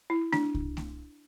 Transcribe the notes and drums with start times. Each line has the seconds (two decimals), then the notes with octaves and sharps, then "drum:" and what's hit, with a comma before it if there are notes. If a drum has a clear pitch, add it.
0.10 E4
0.33 D4, drum: snare A3
0.55 drum: kick C2
0.77 drum: snare A3